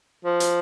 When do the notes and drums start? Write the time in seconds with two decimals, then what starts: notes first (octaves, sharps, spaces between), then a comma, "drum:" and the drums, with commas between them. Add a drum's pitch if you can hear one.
0.25 F3
0.40 drum: hi-hat